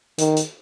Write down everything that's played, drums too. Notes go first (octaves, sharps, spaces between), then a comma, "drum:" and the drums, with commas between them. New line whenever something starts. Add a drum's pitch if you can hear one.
D#3, drum: hi-hat
drum: hi-hat